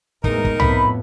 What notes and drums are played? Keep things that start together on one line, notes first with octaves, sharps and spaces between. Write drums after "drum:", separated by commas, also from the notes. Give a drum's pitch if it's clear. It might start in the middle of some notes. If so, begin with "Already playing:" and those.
E2 A2 G#3 D#4 A#4, drum: kick
drum: kick
F2 A2 B3 B5, drum: tom C2